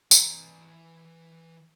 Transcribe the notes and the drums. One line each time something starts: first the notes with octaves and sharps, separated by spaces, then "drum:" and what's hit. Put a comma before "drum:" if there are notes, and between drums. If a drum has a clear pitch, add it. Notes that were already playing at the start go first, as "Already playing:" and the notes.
E3 A#5, drum: tambourine